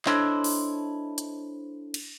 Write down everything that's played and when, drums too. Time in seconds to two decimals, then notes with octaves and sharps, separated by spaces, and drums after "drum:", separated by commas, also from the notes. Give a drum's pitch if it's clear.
0.06 D4 E4 A4 C5 C#5 D#5, drum: clap
0.44 drum: open hi-hat
1.18 drum: hi-hat
1.94 drum: cymbal